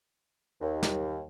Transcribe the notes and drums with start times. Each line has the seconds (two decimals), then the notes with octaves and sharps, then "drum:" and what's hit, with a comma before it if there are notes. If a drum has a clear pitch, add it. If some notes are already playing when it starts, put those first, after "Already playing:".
0.61 D#2
0.83 drum: snare